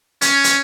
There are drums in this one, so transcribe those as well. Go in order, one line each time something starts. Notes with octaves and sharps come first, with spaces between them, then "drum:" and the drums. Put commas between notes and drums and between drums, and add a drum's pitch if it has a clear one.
C#4, drum: hi-hat
drum: hi-hat